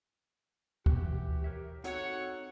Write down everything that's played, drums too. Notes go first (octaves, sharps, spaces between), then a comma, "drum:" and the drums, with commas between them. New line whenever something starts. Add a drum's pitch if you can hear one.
E3 F#4 G4, drum: kick D2
A#4 C#5 E5
C4 D#4 F#4 A4 C#5 F#5, drum: hi-hat